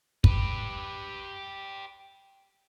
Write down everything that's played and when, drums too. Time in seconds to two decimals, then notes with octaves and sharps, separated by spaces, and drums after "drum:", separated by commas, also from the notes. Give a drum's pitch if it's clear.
0.24 G4 B4, drum: kick